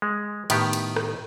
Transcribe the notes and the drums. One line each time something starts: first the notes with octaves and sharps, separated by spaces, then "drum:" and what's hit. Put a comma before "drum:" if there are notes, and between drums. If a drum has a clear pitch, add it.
G#3
A2 D#3 B3 G4, drum: cymbal
drum: cymbal
drum: rim click